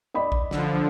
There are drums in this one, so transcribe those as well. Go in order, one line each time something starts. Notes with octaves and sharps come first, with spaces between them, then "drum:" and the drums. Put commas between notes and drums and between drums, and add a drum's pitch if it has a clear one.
D5 D#5 B5
drum: kick
D3 F3, drum: snare